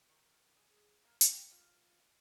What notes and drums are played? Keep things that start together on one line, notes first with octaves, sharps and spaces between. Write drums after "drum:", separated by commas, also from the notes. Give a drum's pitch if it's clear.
D#3
G#4
A#3
G5, drum: hi-hat
F4